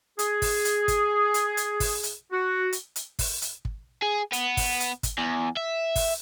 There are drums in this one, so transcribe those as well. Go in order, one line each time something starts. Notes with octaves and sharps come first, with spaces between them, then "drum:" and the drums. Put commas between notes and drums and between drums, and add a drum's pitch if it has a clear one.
G#4, drum: hi-hat
drum: kick, open hi-hat
drum: hi-hat
drum: kick, hi-hat
drum: hi-hat
drum: hi-hat
drum: kick, open hi-hat
drum: hi-hat
F#4
drum: hi-hat
drum: hi-hat
drum: kick, open hi-hat
drum: hi-hat
drum: kick
G#4
B3, drum: hi-hat
drum: kick, open hi-hat
drum: hi-hat
drum: kick, hi-hat
E2
E5
drum: kick, open hi-hat